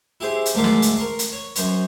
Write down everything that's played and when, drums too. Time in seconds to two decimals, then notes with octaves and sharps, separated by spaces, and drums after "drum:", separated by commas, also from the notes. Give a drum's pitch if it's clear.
0.20 E4 G4 G#4 C5
0.46 drum: hi-hat
0.55 D2 G#2 A3 A#4 C6 D6
0.64 drum: snare
0.82 drum: hi-hat
0.97 A#4 C6 C#6
1.19 drum: hi-hat
1.33 C#5
1.56 F#2 C5 C#5, drum: hi-hat